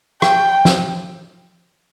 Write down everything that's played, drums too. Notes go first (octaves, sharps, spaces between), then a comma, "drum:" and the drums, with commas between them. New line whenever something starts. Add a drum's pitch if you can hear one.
G5, drum: rim click
drum: snare